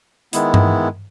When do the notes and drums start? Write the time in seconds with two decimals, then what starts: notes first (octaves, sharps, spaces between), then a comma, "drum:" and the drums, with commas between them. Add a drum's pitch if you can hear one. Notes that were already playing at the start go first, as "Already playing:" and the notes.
0.33 D#3 G#3 B3 E4, drum: hi-hat
0.54 drum: tom G2